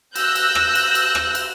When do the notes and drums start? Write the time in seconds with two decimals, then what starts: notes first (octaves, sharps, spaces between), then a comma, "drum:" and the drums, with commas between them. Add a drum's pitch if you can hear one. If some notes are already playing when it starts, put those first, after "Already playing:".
0.15 E6 F#6 G6 A#6, drum: cymbal
0.35 drum: cymbal
0.55 drum: rim click
0.75 drum: cymbal
0.95 drum: cymbal
1.15 drum: rim click
1.35 drum: cymbal